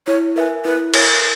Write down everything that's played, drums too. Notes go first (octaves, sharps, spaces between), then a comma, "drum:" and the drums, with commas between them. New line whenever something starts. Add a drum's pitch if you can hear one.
E4 C#5
A#4 B4 E5 G#5
E4 B4
A#4 C#5 E5 G#5, drum: cymbal